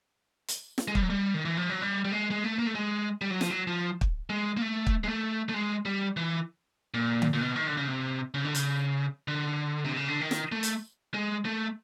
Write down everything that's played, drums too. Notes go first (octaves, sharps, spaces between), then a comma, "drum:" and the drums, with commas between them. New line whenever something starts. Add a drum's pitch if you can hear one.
drum: hi-hat
drum: snare
G#3
G3, drum: kick
F#3
G3
D#3
E3
F3
F#3
G3
G3
G#3
G#3
A3
A#3
A3
G#3
G3
F#3
F3, drum: snare
F#3
F3
drum: kick
G#3
A#3
A3
drum: kick
G#3
A3
A3
G#3
G3
E3
A#2
drum: tom D3
A#2
B2
D#3
D3
C#3
C3
C#3
D3
C#3, drum: hi-hat
D3
C3
C#3
D3
D#3
drum: snare
A3
drum: hi-hat
G#3
A3